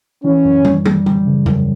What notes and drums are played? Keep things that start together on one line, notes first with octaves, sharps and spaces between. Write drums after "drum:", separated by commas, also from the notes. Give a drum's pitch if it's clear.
E3 C#4
F#2
G3, drum: tom
G3, drum: tom
G3, drum: tom
C#3
F#2, drum: tom E2